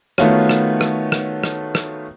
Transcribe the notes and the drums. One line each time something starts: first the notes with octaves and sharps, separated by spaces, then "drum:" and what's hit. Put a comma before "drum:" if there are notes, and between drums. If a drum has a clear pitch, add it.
D#3 A3 B3 F4 F#4 C#5, drum: rim click
drum: rim click
drum: rim click
drum: rim click
drum: rim click
drum: rim click